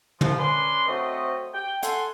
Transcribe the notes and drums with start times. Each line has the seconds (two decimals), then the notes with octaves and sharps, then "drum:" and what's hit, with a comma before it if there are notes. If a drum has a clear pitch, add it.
0.21 C2 F3, drum: tom
0.39 C#4 D4 B4 G#5 C6
0.88 F#3 A3 C4 C5 C#5 D#5
1.54 G5
1.83 A4 F#5 G#5 C6, drum: hi-hat